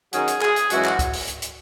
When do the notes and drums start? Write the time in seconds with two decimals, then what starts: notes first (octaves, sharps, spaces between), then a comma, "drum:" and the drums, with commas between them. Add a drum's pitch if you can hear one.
0.13 D#3 F#3 C#4 G#4, drum: hi-hat
0.28 drum: hi-hat
0.41 G#4, drum: clap
0.56 drum: hi-hat
0.70 F#2 E3 G#3 C#4 F#4, drum: hi-hat
0.85 drum: clap
0.99 drum: kick, hi-hat
1.13 drum: open hi-hat
1.28 drum: hi-hat
1.42 drum: hi-hat